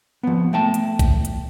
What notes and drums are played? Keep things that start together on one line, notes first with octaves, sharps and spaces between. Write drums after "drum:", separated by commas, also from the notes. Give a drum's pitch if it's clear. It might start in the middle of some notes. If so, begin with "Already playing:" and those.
F3 B3
A3 G5 A5
drum: hi-hat
drum: kick A#1, hi-hat
drum: hi-hat